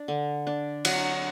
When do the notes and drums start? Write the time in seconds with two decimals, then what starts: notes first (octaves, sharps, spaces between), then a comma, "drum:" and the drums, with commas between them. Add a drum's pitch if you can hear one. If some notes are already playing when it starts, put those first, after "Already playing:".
Already playing: D4
0.08 D3
0.47 D4
0.85 F#3, drum: cymbal